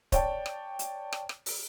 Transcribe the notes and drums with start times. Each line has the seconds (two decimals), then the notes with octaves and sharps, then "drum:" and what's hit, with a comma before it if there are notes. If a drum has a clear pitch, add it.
0.12 C#5 D5 G5 A5, drum: kick D1, hi-hat
0.46 drum: rim click
0.79 drum: hi-hat
1.13 drum: rim click
1.29 drum: rim click
1.46 drum: open hi-hat